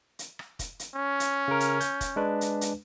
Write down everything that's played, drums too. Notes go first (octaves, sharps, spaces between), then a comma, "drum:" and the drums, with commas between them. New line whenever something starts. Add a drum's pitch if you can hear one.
drum: hi-hat
drum: rim click
drum: kick, hi-hat
drum: hi-hat
C#4
drum: hi-hat
C#3 A#4
drum: hi-hat
G6, drum: hi-hat
drum: kick, hi-hat
G#3 D4 B4
drum: hi-hat
drum: hi-hat